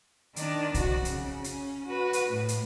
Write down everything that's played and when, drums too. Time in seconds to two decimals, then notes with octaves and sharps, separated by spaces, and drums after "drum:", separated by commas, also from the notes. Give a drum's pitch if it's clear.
0.36 D#3 D4, drum: hi-hat
0.74 F2 F#4, drum: kick, hi-hat
1.05 C#3, drum: hi-hat
1.44 C#4, drum: hi-hat
1.86 F#4 B4
2.13 drum: hi-hat
2.29 A2
2.48 drum: hi-hat